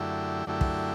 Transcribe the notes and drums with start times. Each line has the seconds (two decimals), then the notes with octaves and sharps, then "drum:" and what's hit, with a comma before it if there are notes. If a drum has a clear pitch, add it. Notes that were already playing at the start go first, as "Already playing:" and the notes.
Already playing: F#2 D3 A3 E4 G4
0.47 F#2 D3 A3 E4 G4
0.61 drum: kick